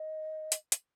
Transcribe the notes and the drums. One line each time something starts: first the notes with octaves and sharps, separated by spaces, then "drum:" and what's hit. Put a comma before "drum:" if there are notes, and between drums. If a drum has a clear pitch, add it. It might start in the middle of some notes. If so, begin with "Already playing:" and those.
Already playing: D#5
drum: hi-hat
drum: hi-hat